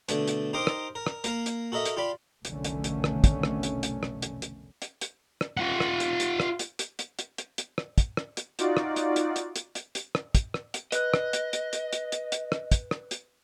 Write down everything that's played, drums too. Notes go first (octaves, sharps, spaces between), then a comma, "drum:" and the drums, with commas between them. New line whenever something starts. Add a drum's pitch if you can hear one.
B2 D3 A3 D4, drum: hi-hat
drum: hi-hat
D#4 G4 A#4 C5 D#5 D6
drum: rim click
A#4
drum: rim click
A#3 A#4 A#5, drum: hi-hat
drum: hi-hat
F#4 A4 A#4 D#5 E5
drum: hi-hat
F4 G4 D5 B5
F1 B1 D3 D#3 A3 C#4, drum: hi-hat
drum: hi-hat
drum: hi-hat
drum: rim click
drum: kick, hi-hat
drum: rim click
drum: hi-hat
drum: hi-hat
drum: rim click
drum: hi-hat
drum: hi-hat
drum: hi-hat
drum: hi-hat
drum: rim click
F4 F#5
drum: rim click
drum: hi-hat
drum: hi-hat
drum: rim click
drum: hi-hat
drum: hi-hat
drum: hi-hat
drum: hi-hat
drum: hi-hat
drum: hi-hat
drum: rim click
drum: kick, hi-hat
drum: rim click
drum: hi-hat
D#4 F4 F#4 D5, drum: hi-hat
drum: rim click
drum: hi-hat
drum: hi-hat
drum: hi-hat
drum: hi-hat
drum: hi-hat
drum: hi-hat
drum: rim click
drum: kick, hi-hat
drum: rim click
drum: hi-hat
B4 D#5 F#6, drum: hi-hat
drum: rim click
drum: hi-hat
drum: hi-hat
drum: hi-hat
drum: hi-hat
drum: hi-hat
drum: hi-hat
drum: rim click
drum: kick, hi-hat
drum: rim click
drum: hi-hat